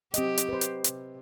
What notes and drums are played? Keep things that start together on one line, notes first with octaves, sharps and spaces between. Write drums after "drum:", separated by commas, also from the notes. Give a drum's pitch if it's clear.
F#3 C4 G4 D#5, drum: hi-hat
drum: hi-hat
B4 C5
drum: hi-hat
C3, drum: hi-hat